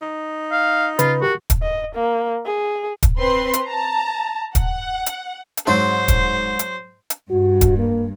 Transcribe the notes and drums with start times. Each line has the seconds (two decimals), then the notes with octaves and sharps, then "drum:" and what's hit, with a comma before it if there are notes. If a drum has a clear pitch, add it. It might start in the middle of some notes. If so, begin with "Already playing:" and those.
0.02 D#4
0.52 F5
0.99 C#3 F4 B4 B5, drum: hi-hat
1.22 F#4 G4 A#4
1.50 drum: kick, hi-hat
1.63 D#5
1.95 A#3
2.46 G#4
3.03 drum: kick, hi-hat
3.17 C4 B4 C6
3.53 drum: hi-hat
3.65 A5 A#5
4.55 F#5, drum: kick, hi-hat
5.06 drum: hi-hat
5.57 drum: hi-hat
5.67 G#2 F#3 C4 C5 A5
6.08 drum: kick, hi-hat
6.59 drum: hi-hat
7.10 drum: hi-hat
7.30 G2 F#4
7.61 drum: kick, hi-hat
7.78 A#3